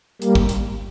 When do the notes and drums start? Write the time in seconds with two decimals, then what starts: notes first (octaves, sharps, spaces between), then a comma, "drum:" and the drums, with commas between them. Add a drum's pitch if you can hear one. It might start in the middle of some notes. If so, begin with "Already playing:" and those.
0.22 G3 A#3, drum: hi-hat
0.35 drum: kick
0.49 drum: hi-hat